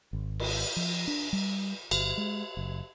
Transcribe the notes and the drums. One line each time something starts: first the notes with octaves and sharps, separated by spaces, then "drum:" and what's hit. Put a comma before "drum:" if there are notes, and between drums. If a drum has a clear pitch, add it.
G#1
drum: cymbal
F3
D4
G3
G1, drum: cymbal
G#3
F#1